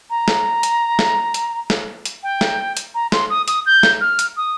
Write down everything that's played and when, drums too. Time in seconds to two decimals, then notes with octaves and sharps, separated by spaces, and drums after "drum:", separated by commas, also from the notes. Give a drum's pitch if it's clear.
0.10 A#5
0.28 drum: snare
0.63 drum: hi-hat
0.99 drum: snare
1.34 drum: hi-hat
1.70 drum: snare
2.05 drum: hi-hat
2.23 G5
2.41 drum: snare
2.77 drum: hi-hat
2.95 A#5
3.12 C6, drum: snare
3.30 D#6
3.48 D#6, drum: hi-hat
3.66 G6
3.83 drum: snare
4.01 F6
4.19 drum: hi-hat
4.37 D#6